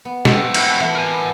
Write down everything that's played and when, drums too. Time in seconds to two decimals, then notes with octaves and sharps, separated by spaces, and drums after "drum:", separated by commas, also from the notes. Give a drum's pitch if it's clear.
0.05 B3
0.25 A3 C4 G4 D#5 F5, drum: snare
0.54 E4 F#4 E5, drum: cymbal
0.80 E3 A3 B3
0.95 A#4 G#5